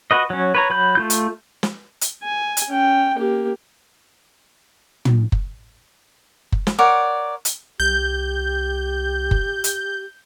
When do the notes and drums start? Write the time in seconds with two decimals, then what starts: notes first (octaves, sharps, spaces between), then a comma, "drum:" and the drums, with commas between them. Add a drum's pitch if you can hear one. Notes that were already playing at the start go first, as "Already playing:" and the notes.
0.11 F#4 B4 D#5
0.30 F#3 C#4
0.55 B4 C#5 A#5
0.70 F#3 B5 G6
0.95 A3 F4 G6
1.10 drum: hi-hat
1.63 drum: snare
2.01 drum: hi-hat
2.23 G#5
2.57 drum: hi-hat
2.68 C#4 G5
3.17 A#3 G4
5.05 drum: tom
5.32 drum: kick F#1
6.52 drum: kick F#1
6.67 drum: snare
6.78 A#4 C#5 D5 F#5
7.45 drum: hi-hat
7.80 C2 G4 G6
9.31 drum: kick F#1
9.64 drum: hi-hat